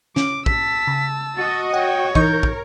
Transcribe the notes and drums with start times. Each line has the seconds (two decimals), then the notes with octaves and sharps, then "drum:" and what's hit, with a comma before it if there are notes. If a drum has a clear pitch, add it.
0.16 C#4 D6, drum: snare
0.46 A5 E6 B6, drum: kick
0.87 C#3
1.36 F#4 D#5 A6
1.74 C#5 F#5 G5
2.15 E3 D#4 A#4 C#6 G6, drum: kick
2.43 drum: kick